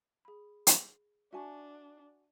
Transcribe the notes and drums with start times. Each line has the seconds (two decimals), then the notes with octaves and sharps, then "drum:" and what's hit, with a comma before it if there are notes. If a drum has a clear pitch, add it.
0.25 G#4 B5
0.67 drum: hi-hat
1.33 D4 F#4 E5 G#5 A5 C#6